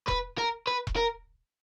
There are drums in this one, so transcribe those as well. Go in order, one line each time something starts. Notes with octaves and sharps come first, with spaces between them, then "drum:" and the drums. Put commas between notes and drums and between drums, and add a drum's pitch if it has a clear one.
B4, drum: kick E1
A#4
B4
drum: kick E1
A#4